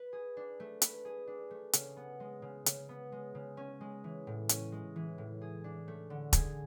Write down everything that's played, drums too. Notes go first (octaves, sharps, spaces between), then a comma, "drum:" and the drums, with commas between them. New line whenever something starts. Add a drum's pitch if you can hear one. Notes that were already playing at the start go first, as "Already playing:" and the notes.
Already playing: B4
G#4
D4
A3
B4, drum: hi-hat
G#4
D4
A3
C#3, drum: hi-hat
B3
G#3
C#3
C#3, drum: hi-hat
B3
G#3
C#3
C#4
G#3
E3
A2
C#4, drum: hi-hat
G#3
E3
A2
G#4
D4
A3
D3
G#4, drum: kick, hi-hat